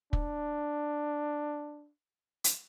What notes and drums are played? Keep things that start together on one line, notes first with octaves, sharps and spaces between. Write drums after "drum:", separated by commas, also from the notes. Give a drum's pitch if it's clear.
D4, drum: kick
drum: hi-hat